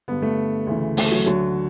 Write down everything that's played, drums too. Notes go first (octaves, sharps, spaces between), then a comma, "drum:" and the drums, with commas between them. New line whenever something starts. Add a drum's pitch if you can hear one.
G2 D3 B3
A3
D2 C#3 E3
A3, drum: open hi-hat
F#3
D2 D3 F#3